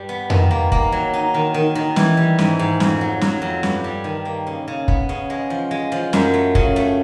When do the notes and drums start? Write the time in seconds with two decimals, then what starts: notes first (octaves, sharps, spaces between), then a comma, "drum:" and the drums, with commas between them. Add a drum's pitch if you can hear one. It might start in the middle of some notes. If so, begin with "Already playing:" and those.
Already playing: G2 G3
0.09 B3
0.30 D#3, drum: tom F2
0.51 A#3
0.72 A#3, drum: kick
0.92 F#3
1.13 D#4
1.34 D#3
1.54 D#3
1.75 D#3
1.96 E3, drum: snare
2.17 G3
2.39 G#2, drum: snare
2.59 G#2
2.80 F2, drum: snare
3.01 F#3
3.21 F#3, drum: snare
3.42 F2
3.63 G2, drum: snare
3.84 G3
4.04 D#3
4.25 A#3
4.47 C#3
4.68 C#3
4.88 B3, drum: kick
5.09 C#3
5.30 G#3
5.50 F3
5.71 G#3
5.92 F3
6.13 F#2, drum: snare
6.34 A3
6.55 C#3, drum: kick
6.76 A3